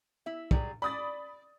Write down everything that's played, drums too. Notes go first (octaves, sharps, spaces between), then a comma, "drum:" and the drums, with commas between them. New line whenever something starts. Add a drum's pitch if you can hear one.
E4 E5
F#3 G3 G#4, drum: kick
D5 B5 D#6 A6